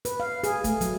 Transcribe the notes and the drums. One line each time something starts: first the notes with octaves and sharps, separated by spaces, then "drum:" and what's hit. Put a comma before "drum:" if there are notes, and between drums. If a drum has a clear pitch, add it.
B4, drum: hi-hat
F5
G#4, drum: hi-hat
A3, drum: kick F#1, hi-hat
F#3, drum: hi-hat